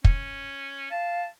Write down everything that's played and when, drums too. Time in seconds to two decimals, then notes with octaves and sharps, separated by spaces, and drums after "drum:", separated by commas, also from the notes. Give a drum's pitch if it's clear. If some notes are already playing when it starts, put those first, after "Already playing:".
0.05 C#4, drum: kick
0.91 F5 A5